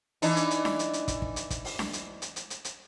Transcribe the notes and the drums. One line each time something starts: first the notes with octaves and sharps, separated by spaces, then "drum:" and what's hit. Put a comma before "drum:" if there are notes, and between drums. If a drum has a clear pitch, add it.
E3 D4 D#4, drum: hi-hat
drum: hi-hat
drum: hi-hat
drum: snare D4
drum: hi-hat
drum: hi-hat
drum: kick, hi-hat
drum: kick
drum: hi-hat
drum: kick, hi-hat
drum: open hi-hat
drum: snare D4
drum: hi-hat
drum: hi-hat
drum: hi-hat
drum: hi-hat
drum: hi-hat